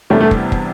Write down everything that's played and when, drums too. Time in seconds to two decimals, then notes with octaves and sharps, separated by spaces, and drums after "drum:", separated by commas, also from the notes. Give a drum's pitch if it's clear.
0.10 E2 C3 G3 A3 D4 G4
0.21 A3
0.31 drum: kick
0.52 drum: kick